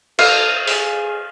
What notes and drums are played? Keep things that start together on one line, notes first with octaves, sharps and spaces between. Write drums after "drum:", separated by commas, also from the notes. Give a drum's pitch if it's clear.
A4 F5, drum: cymbal
G#4, drum: open hi-hat